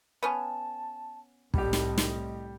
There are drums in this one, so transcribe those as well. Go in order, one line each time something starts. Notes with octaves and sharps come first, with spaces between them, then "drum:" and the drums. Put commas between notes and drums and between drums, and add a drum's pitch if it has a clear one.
B3 C#4 A5
C2 A2 G3 G4 D#5, drum: kick
drum: snare
drum: snare